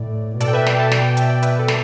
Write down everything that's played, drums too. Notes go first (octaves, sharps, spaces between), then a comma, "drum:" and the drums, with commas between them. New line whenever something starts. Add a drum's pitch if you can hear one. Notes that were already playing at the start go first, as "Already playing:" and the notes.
Already playing: A2 D5
B2 A4 D5, drum: hi-hat
G5
B4 E5
D5 G5, drum: snare
E5 A5
D5 G5, drum: snare
D5 G5
E5 A5, drum: hi-hat
D5 G5
B4 E5, drum: hi-hat
A4 D5
drum: snare